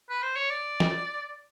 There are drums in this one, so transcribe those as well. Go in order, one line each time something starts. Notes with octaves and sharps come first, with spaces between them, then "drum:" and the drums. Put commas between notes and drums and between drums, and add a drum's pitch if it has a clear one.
B4
C5
C#5
D5
drum: snare